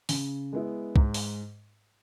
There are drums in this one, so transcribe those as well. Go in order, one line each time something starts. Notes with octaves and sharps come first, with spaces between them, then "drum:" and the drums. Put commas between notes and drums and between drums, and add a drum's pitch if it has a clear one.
C#3, drum: open hi-hat
G#3 B3 E4
G#2, drum: kick C2
drum: open hi-hat